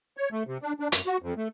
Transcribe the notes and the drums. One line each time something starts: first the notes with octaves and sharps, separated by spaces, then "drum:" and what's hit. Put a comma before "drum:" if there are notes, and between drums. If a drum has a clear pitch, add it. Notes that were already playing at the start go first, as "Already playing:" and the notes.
C#5
A3
C3
D4
D4
F#2, drum: hi-hat
F#4
F2
A3